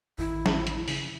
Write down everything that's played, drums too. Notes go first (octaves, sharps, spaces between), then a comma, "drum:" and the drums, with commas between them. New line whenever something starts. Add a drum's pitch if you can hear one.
A1 F2 D#3 E4
drum: snare
drum: hi-hat
C#3, drum: open hi-hat